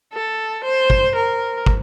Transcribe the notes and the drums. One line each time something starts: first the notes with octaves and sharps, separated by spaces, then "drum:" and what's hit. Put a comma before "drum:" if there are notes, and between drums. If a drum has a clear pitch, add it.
A4
C5
drum: kick
A#4
drum: kick